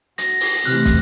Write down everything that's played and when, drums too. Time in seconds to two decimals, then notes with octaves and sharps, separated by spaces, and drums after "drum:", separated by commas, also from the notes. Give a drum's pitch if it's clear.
0.18 F#4 A#6, drum: hi-hat
0.41 drum: open hi-hat
0.65 C3 E3 A3 F6 F#6
0.85 drum: kick, hi-hat